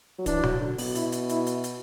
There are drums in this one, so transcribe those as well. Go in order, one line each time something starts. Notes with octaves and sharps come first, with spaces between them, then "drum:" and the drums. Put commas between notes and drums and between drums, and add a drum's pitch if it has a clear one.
F#3
E3 D4, drum: kick, hi-hat
F#3, drum: tom B2
D3
B2, drum: open hi-hat
E4, drum: hi-hat
drum: hi-hat
E4, drum: hi-hat
drum: hi-hat
drum: hi-hat